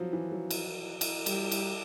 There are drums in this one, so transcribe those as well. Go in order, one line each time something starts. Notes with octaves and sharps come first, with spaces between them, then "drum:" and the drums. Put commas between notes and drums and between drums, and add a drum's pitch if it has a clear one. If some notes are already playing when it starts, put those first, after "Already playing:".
Already playing: F3 F#3
E3
F#3
drum: cymbal
drum: cymbal
G3, drum: cymbal
drum: cymbal